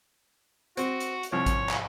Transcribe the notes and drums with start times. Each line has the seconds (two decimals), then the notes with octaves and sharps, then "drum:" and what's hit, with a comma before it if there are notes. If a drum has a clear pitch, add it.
0.77 C4 F#4, drum: hi-hat
1.00 drum: hi-hat
1.23 drum: hi-hat
1.32 C2 F3 C#5
1.46 drum: kick A1, hi-hat
1.69 drum: clap